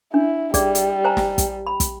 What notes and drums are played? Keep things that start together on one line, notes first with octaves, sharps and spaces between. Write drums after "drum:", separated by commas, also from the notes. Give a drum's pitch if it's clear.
D4 E4
G3 G#4 D5, drum: kick, hi-hat
drum: hi-hat
C5 G#5 A#5
drum: snare
drum: kick, hi-hat
B5
drum: kick, hi-hat